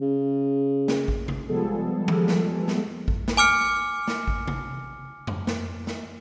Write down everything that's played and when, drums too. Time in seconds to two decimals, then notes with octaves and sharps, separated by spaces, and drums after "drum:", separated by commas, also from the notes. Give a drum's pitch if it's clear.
0.01 C#3
0.88 drum: snare
1.08 drum: kick A1
1.28 drum: tom C3
1.48 F3 G3 G#3 B3 G#4 A4
2.08 drum: tom D#3
2.28 drum: snare
2.68 drum: snare
3.08 drum: kick A1
3.28 drum: snare
3.37 G#5 D6 F6 C#7
4.08 drum: snare
4.28 drum: kick A1
4.48 drum: tom C3
5.27 drum: tom F2
5.47 drum: snare
5.87 drum: snare